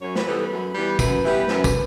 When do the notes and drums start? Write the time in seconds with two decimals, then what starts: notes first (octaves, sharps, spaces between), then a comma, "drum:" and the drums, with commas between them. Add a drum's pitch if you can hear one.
0.01 F#2 C#5
0.15 B4, drum: snare
0.26 E3 G3 B3 A4
0.43 B4
0.51 F#2
0.75 E3 G3 B3
0.99 F#2 B4, drum: kick, tambourine
1.23 E3 G3 B3
1.48 F#2, drum: snare
1.64 drum: kick, tambourine